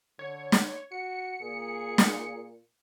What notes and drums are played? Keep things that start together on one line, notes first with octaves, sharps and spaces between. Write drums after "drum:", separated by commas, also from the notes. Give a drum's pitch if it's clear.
D3 C#5
drum: snare
F#4 C#7
A#2 G#4
drum: snare